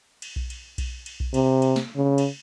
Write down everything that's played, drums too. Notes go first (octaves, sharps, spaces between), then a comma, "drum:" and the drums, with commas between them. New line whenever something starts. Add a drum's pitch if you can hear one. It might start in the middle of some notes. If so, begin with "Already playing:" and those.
drum: cymbal
drum: kick B1
drum: cymbal
drum: kick B1, cymbal
drum: cymbal
drum: kick B1
C3, drum: cymbal
drum: cymbal
drum: snare
C#3
drum: cymbal